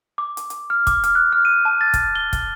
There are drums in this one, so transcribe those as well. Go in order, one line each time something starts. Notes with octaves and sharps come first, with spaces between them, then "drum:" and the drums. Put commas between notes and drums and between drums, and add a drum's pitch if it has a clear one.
D6
drum: hi-hat
drum: hi-hat
F6
D6, drum: kick, hi-hat
F6, drum: hi-hat
F#6
F6
D#7
A5
A6
drum: kick, hi-hat
G7
drum: kick, hi-hat